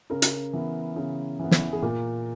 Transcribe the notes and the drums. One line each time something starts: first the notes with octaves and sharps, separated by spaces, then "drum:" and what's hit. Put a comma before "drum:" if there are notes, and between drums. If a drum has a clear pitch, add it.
C#3 A#4
drum: hi-hat
E3 B3
C#3
E3 B3
drum: snare
G#4
A#2 A#4